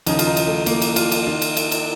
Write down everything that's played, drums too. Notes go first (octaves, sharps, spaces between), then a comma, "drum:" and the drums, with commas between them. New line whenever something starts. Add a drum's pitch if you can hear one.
D#2 C#3 F3 D#4, drum: cymbal
F4, drum: cymbal
D#4
drum: cymbal
A3
A#3, drum: cymbal
drum: cymbal
F4, drum: cymbal
drum: cymbal
D#3 F4
drum: cymbal
drum: cymbal
drum: cymbal